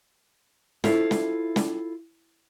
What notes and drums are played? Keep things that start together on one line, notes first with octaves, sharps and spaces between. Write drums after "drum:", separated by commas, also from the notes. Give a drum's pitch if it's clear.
E4 F4 A4 C5 E5 F5, drum: snare
drum: snare
drum: snare